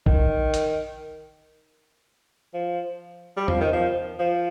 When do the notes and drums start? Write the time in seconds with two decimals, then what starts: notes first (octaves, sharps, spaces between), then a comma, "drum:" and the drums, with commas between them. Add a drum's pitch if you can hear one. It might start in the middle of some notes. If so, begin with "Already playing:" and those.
0.06 D#3, drum: kick A#1
0.54 drum: hi-hat
2.54 F3
3.37 G3
3.48 F3, drum: tom
3.61 D#3
3.73 F3
4.19 F3